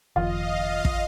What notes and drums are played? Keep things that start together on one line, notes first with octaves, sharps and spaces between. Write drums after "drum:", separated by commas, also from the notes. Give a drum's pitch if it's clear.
F#1 F2 D#3 F3 F4 D#5 F5
drum: kick